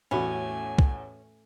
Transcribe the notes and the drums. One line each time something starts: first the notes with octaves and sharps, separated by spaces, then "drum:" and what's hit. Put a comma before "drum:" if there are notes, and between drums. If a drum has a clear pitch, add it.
A1 E2 A2 A3 C#4 F#4 G#5 B5
drum: kick C2